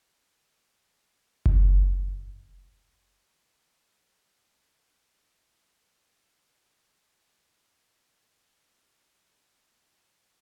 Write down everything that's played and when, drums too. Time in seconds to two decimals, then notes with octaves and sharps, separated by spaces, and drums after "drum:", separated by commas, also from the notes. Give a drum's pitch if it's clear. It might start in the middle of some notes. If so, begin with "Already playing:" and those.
0.23 A3 F4 G4
1.46 drum: kick F#1
3.03 G#3
3.45 A4
3.64 A4
4.02 D7
4.26 F#6
4.43 F4
5.25 G2 G#3 A#3 G5 D6 C7
8.47 D5
8.64 F#4
8.86 F#5
9.25 E5
9.65 G4
10.11 B4